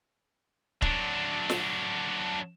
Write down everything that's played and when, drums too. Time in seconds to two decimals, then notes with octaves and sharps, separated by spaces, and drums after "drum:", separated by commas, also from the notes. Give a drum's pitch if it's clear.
0.82 F#3 D4, drum: kick
1.49 drum: snare